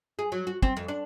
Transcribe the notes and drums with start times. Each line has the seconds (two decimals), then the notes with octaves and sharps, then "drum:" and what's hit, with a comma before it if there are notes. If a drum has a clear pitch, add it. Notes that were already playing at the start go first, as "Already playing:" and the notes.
0.19 G#4
0.32 F#3
0.47 F#4
0.62 C4, drum: kick
0.77 F2
0.88 D4